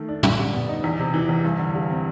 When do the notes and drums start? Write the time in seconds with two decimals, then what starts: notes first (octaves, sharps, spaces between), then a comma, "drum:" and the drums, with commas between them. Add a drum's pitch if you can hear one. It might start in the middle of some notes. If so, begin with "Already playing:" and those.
Already playing: D#3 A3
0.09 D4
0.23 D3, drum: tom
0.39 G3
0.53 B3
0.69 D#4
0.84 E2
0.99 C3
1.14 E3
1.29 E2
1.44 G2
1.59 D3
1.75 G3
1.90 C4